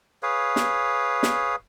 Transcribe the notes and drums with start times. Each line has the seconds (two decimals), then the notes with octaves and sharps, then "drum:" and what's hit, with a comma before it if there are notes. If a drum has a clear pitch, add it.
0.23 G#4 B4 C#5 F5
0.56 drum: snare
1.23 drum: snare